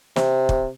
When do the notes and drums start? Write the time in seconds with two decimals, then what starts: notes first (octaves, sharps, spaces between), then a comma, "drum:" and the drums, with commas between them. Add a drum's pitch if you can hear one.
0.16 C3, drum: snare
0.49 drum: kick